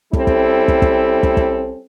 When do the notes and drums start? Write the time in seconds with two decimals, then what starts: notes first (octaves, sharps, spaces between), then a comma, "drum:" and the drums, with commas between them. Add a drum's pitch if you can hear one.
0.13 G3 C4 C#4 E4 A4, drum: kick
0.27 drum: kick
0.68 drum: kick
0.82 drum: kick
1.23 drum: kick
1.37 drum: kick